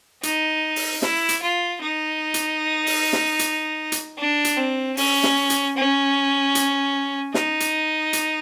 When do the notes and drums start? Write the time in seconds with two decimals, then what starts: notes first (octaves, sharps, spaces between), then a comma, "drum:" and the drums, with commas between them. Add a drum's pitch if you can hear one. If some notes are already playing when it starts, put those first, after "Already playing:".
0.23 D#4, drum: hi-hat
0.76 drum: open hi-hat
1.02 E4, drum: snare
1.29 drum: hi-hat
1.42 F4
1.81 D#4
2.34 drum: hi-hat
2.87 drum: open hi-hat
3.13 drum: snare
3.39 drum: hi-hat
3.92 drum: hi-hat
4.18 D4
4.44 drum: hi-hat
4.57 C4
4.97 C#4, drum: open hi-hat
5.23 drum: snare
5.50 drum: hi-hat
5.77 C#4
6.55 drum: hi-hat
7.34 D#4, drum: snare
7.60 drum: hi-hat
8.13 drum: hi-hat